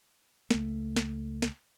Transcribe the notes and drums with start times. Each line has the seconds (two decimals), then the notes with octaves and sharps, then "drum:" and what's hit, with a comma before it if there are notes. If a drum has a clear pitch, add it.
0.51 C#2 A3, drum: snare
0.96 drum: snare
1.42 drum: snare